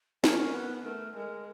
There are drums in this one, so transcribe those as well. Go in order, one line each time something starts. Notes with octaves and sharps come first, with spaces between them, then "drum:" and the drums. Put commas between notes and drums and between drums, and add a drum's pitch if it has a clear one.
C#4 A#4, drum: snare
B3 B4
B4
A3 A#4
G#3 A#4